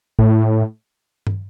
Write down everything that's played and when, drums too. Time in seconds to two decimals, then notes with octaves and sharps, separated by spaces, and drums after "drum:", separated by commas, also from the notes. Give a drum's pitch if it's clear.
0.19 A2, drum: kick
1.27 drum: tom G2